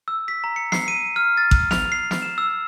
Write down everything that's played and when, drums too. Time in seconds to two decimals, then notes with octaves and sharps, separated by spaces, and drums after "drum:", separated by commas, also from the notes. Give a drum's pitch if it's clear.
0.08 E6
0.28 B6
0.44 A#5
0.56 C#7
0.72 C7, drum: snare
0.88 D#7
1.16 F6
1.37 A6
1.51 drum: kick A1
1.71 F7, drum: snare
1.92 C7
2.11 drum: snare
2.22 E7
2.38 E6